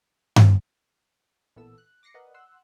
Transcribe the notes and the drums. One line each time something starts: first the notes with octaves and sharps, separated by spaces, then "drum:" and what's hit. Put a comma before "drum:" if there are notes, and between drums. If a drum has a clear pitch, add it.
drum: tom G2
A1 A#2 E3 B3 A4 E6
F#6
D6 A#6 C7 C#7
A#4 B4 D5 D#5 F#5
F#5 C6 E6 F#6